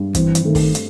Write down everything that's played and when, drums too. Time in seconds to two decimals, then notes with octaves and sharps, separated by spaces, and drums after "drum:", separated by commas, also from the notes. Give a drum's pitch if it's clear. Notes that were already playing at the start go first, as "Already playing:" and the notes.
Already playing: G2
0.15 E3 C4, drum: kick, hi-hat
0.35 drum: hi-hat
0.44 D#3 A3
0.55 drum: kick, open hi-hat
0.75 drum: hi-hat